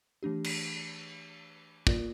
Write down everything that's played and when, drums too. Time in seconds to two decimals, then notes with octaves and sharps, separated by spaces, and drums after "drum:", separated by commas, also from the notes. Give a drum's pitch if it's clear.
0.23 E3 A3 D4 G4
0.44 drum: cymbal
1.87 A#3 F4 A#4 D5, drum: kick